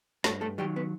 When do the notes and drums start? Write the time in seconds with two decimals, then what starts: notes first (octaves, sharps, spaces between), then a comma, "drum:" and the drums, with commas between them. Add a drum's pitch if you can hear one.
0.24 G2 A3 A4, drum: snare
0.41 A3 A4
0.58 D#3 F#3 G3 G4
0.76 B3